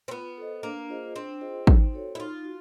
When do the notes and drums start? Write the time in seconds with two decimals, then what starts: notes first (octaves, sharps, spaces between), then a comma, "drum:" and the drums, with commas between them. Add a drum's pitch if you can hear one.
0.08 C4
0.11 B3 F4
0.38 A4 C5 D#5
0.63 A#3 D4
0.89 F4 G#4 C5 D#5
1.16 C4 D4
1.41 F4 G#4 C5 D#5
1.67 D#4, drum: kick
1.93 F#4 A4 C#5
2.15 E4
2.19 D#4 F4
2.44 F#4